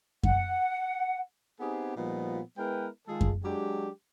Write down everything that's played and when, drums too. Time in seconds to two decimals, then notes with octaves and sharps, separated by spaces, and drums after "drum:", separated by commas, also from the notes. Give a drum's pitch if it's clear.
0.23 F#5, drum: kick F#2
1.60 B3 C4 D#4 G4 G#4
1.96 A#2 F3 G3 B3 D#4 F#4
2.58 G#3 B3 E4 A#4 B4 G5
3.07 D#3 G#3 F4 G#4 A4
3.21 drum: kick F#2
3.44 F#3 G#3 D4 G4